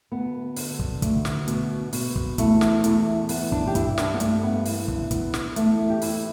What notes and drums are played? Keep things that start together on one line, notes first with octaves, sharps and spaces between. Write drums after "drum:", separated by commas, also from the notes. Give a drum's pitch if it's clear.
D2 B3
D3, drum: open hi-hat
drum: kick
D2, drum: kick, hi-hat
drum: snare
B2, drum: hi-hat
B2, drum: open hi-hat
drum: kick
E2 A3, drum: kick, hi-hat
drum: snare
E2 A3, drum: hi-hat
E3 B3, drum: open hi-hat
D4, drum: kick
G4
G2 E4, drum: kick, hi-hat
D4, drum: snare
B3
G2 A3, drum: hi-hat
B3
E3, drum: open hi-hat
D4, drum: kick
E2 B3, drum: kick, hi-hat
drum: snare
E2 A3, drum: hi-hat
G4
E2 E4, drum: open hi-hat